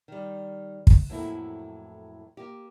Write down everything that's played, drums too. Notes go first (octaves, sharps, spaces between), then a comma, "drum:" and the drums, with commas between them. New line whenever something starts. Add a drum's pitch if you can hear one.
D#3 G3
drum: kick
F2 A2 F#3 A3 A#3 E4
A#3 G4